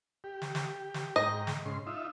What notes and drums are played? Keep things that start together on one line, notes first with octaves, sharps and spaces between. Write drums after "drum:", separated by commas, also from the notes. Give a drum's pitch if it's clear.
G4
drum: snare
drum: snare
drum: snare
G#2 D#5 G5 A#5
drum: snare
G#2 C#3 C6
D#4 F4 E5